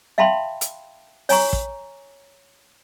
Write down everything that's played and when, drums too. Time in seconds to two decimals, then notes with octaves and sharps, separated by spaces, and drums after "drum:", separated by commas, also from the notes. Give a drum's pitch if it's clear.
0.18 E5 F5 G5 A5 B5 C6
0.61 drum: hi-hat
1.29 C#5 G#5 A#5 C#6, drum: open hi-hat
1.53 drum: kick